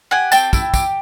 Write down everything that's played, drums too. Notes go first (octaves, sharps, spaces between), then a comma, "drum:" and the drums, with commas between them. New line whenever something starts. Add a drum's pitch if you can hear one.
G4 F#5 G#5
C4 G5 A5, drum: tambourine
E4, drum: kick, tambourine
G4, drum: kick, tambourine